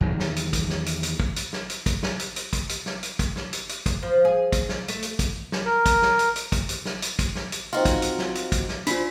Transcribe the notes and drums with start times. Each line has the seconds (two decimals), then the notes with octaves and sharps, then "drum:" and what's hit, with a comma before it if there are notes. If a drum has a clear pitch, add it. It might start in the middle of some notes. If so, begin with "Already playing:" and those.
0.01 E2 D#3 F#3
0.20 drum: snare
0.36 drum: hi-hat
0.53 drum: kick, hi-hat
0.70 drum: snare
0.86 drum: hi-hat
1.03 drum: hi-hat
1.20 drum: kick
1.36 drum: hi-hat
1.53 drum: snare
1.70 drum: hi-hat
1.86 drum: kick, hi-hat
2.03 drum: snare
2.19 drum: hi-hat
2.36 drum: hi-hat
2.53 drum: kick, hi-hat
2.69 drum: hi-hat
2.86 drum: snare
3.03 drum: hi-hat
3.19 drum: kick, hi-hat
3.36 drum: snare
3.53 drum: hi-hat
3.69 drum: hi-hat
3.86 drum: kick, hi-hat
4.03 F3
4.25 G#4
4.52 drum: kick, hi-hat
4.69 drum: snare
4.88 A3, drum: hi-hat
5.02 drum: hi-hat
5.19 drum: kick, hi-hat
5.52 drum: snare
5.65 A#4
5.86 drum: kick, hi-hat
6.02 drum: snare
6.19 drum: hi-hat
6.36 drum: hi-hat
6.52 drum: kick, hi-hat
6.69 drum: hi-hat
6.85 drum: snare
7.02 drum: hi-hat
7.19 drum: kick, hi-hat
7.35 drum: snare
7.52 drum: hi-hat
7.73 C4 D#4 F4 F#4 A#4
7.85 drum: kick, hi-hat
8.02 drum: hi-hat
8.19 drum: snare
8.35 drum: hi-hat
8.52 drum: kick, hi-hat
8.69 drum: snare
8.87 D4 F4 C5 B5, drum: hi-hat